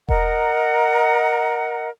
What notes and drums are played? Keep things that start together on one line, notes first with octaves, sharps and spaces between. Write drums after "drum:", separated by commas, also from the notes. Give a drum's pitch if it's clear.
A#4 D#5 F#5 A#5, drum: kick E1